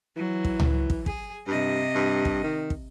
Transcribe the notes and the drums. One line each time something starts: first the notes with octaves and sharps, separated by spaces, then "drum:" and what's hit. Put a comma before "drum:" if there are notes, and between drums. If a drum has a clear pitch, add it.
E3 F#3
drum: kick
drum: tom C#2
drum: kick
G#4, drum: kick
G2 C3 D#5
G2
drum: kick
D#3
drum: kick